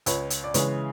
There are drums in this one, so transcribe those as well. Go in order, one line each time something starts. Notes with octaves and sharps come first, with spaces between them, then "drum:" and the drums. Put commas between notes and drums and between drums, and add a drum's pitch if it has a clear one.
C#2 B4 C#5, drum: hi-hat
drum: hi-hat
D5
C#3 E3 G#3 B4 C#5, drum: hi-hat